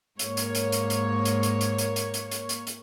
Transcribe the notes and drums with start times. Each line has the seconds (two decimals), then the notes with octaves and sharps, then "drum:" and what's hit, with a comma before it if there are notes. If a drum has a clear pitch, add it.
0.19 G#2 A#3 C#5, drum: hi-hat
0.37 drum: hi-hat
0.55 drum: hi-hat
0.72 drum: hi-hat
0.90 drum: hi-hat
1.25 drum: hi-hat
1.43 drum: hi-hat
1.61 drum: hi-hat
1.78 drum: hi-hat
1.96 drum: hi-hat
2.14 drum: hi-hat
2.31 drum: hi-hat
2.49 drum: hi-hat
2.67 drum: hi-hat